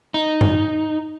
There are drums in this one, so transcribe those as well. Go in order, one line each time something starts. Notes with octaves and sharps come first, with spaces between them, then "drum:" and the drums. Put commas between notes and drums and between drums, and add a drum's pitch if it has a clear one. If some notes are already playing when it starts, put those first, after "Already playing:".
D#4
drum: tom F#2